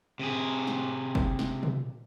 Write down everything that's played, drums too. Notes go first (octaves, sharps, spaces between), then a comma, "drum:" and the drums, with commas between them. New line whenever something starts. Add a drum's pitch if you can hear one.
C3 G#4
drum: snare
drum: kick F#1
drum: snare
drum: tom